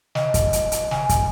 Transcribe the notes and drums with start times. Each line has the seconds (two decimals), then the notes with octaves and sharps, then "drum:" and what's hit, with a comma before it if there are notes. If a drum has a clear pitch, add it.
0.15 D#5, drum: snare
0.34 drum: kick, hi-hat
0.53 drum: hi-hat
0.72 drum: hi-hat
0.91 G#5, drum: snare
1.09 drum: kick, hi-hat